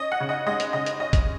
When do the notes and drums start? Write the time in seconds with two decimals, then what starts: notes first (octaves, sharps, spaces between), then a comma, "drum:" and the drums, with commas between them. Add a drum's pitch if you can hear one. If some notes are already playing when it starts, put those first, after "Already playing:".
Already playing: C#4 D#5
0.12 F#5
0.20 C#3
0.29 D#5
0.47 G#3 D#5
0.60 drum: hi-hat
0.73 C#3 D#5
0.86 drum: hi-hat
1.00 C#4 D#5
1.13 drum: kick, hi-hat